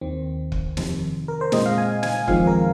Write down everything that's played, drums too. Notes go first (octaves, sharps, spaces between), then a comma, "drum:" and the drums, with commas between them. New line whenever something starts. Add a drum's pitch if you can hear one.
D#2 D#3 C4
drum: kick
F2 C3 D#3, drum: snare
A#4
C5
A#2 G#3 C4 D#5, drum: snare
F5
G#5
G#5, drum: snare
F2 D#3 G#3 C4 F4 F5, drum: kick
A#4